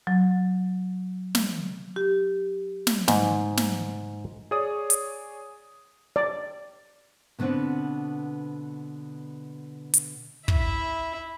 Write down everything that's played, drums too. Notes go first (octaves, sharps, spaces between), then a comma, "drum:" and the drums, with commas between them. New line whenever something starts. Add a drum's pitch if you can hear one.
F#3
drum: snare
G4
drum: snare
G#2, drum: snare
drum: snare
G#4 C#5 D5 D#6
drum: hi-hat
D5
B2 D3 B3 C4 D4
drum: hi-hat
E4 E5, drum: kick